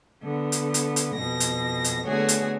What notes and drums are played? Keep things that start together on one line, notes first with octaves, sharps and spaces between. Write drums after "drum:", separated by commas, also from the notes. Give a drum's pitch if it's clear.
D3 B3
drum: hi-hat
drum: hi-hat
drum: hi-hat
F2 B2 A#6
drum: hi-hat
drum: hi-hat
D3 A3 B3 F#4 G#4 C#5
drum: hi-hat